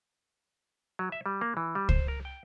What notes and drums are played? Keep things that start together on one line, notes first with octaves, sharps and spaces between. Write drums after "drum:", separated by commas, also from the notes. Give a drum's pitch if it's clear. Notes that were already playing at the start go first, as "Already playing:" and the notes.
F#3
E5
G3
A#3
E3
G3
C5, drum: kick C#2
A#4
G5